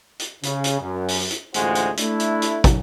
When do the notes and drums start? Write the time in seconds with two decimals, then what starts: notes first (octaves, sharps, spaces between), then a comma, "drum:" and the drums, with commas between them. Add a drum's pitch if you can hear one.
0.19 drum: hi-hat
0.43 C#3, drum: hi-hat
0.64 drum: hi-hat
0.81 F#2
1.08 drum: open hi-hat
1.31 drum: hi-hat
1.54 A1 D2 G#3 F4 F#4 C5, drum: hi-hat
1.75 drum: hi-hat
1.97 A3 D4 E4, drum: hi-hat
2.20 drum: hi-hat
2.42 drum: hi-hat
2.64 drum: kick, hi-hat